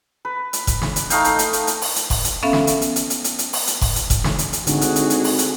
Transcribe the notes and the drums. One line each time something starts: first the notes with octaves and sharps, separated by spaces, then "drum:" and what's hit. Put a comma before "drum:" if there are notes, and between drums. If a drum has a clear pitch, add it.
B4
drum: hi-hat
drum: kick F1, hi-hat
drum: snare
drum: hi-hat
A3 D#4 F5 G5, drum: hi-hat
drum: hi-hat
drum: hi-hat
drum: hi-hat
drum: hi-hat
drum: open hi-hat
drum: hi-hat
drum: kick F1, open hi-hat
drum: hi-hat
B3 C#4 A4 E5 F5
drum: snare
drum: hi-hat
drum: hi-hat
drum: hi-hat
drum: hi-hat
drum: hi-hat
drum: hi-hat
drum: open hi-hat
drum: hi-hat
drum: kick F1, open hi-hat
drum: hi-hat
drum: kick F1, hi-hat
drum: snare
drum: hi-hat
drum: hi-hat
G#1 D3 F#4 G#4, drum: hi-hat
drum: hi-hat
drum: hi-hat
drum: hi-hat
drum: open hi-hat
drum: hi-hat